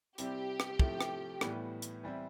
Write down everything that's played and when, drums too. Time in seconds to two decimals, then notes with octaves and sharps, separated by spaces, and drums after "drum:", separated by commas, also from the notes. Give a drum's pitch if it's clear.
0.18 C3 G3 C4 E4 G4, drum: hi-hat
0.60 drum: rim click
0.80 C3 F3 A3 C4 E4, drum: kick
1.01 drum: rim click
1.41 A2 E3 G3 B3, drum: rim click
1.82 drum: hi-hat
2.03 E3 G3 C4 E4